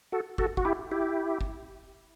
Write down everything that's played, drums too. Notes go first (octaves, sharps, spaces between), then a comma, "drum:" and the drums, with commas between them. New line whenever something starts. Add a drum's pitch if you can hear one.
F#4 A4
F#4 A4, drum: kick
F#4, drum: kick
E4 G4
E4 G4
drum: kick